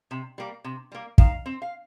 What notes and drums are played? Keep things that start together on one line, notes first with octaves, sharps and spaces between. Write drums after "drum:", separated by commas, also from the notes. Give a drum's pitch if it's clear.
C3
G3 A#3
C3
G3 A#3
D#3 F5, drum: kick
C4
F5